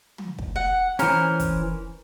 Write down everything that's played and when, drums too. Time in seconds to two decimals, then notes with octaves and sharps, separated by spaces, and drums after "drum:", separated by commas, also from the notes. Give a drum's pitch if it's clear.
0.18 drum: tom
0.38 drum: kick
0.56 F#5
0.99 E3 C#4 A#4 C5, drum: hi-hat
1.39 drum: kick, hi-hat